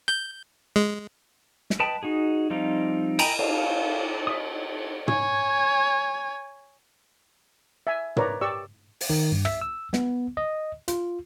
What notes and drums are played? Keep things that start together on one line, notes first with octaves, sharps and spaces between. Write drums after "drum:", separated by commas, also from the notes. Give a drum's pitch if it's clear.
G6
G#3
drum: snare
B4 D#5 G5 A5 B5
D#4 F#4 G#4
F3 G3 C4 D#4 F4
D#5 G5 G#5 A#5 B5, drum: cymbal
F5, drum: cymbal
E5 D#6
C#5 G#5, drum: tom
E5 G#5
A#4 B4 C#5 D5 A#5, drum: tom
G4 D5 C#6 E6
drum: open hi-hat
D#3
G2
E5, drum: rim click
E6
B3, drum: snare
D#5
F4, drum: hi-hat